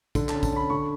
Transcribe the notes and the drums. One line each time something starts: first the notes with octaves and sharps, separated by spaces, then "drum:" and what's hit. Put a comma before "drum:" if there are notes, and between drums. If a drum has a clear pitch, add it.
D3, drum: kick, tambourine
A5, drum: clap
C#4
A5, drum: kick, tambourine
C#4 B5
D3 C#6